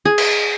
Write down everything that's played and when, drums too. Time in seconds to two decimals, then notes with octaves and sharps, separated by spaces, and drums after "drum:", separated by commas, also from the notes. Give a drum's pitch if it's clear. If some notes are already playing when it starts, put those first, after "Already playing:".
0.05 G#4
0.18 drum: cymbal